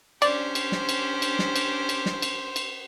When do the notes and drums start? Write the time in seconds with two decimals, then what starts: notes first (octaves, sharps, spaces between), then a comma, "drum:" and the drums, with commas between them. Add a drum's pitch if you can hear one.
0.22 C#4 D4 G4 C5 D5, drum: cymbal
0.55 drum: cymbal
0.72 drum: snare
0.89 drum: cymbal
1.22 drum: cymbal
1.39 drum: snare
1.56 drum: cymbal
1.89 drum: cymbal
2.06 drum: snare
2.22 drum: cymbal
2.56 drum: cymbal